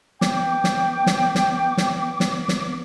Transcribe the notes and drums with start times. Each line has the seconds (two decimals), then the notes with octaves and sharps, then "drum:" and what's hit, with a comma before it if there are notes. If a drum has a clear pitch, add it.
0.21 B3 G5 D6, drum: snare
0.64 drum: snare
1.06 drum: snare
1.35 drum: snare
1.77 drum: snare
2.20 drum: snare
2.48 drum: snare